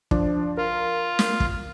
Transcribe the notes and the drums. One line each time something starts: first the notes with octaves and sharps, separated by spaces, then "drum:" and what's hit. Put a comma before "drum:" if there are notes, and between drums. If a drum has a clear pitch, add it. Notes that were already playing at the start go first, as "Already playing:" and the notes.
F3 D4 D5, drum: kick
F4 A#4
drum: snare
drum: kick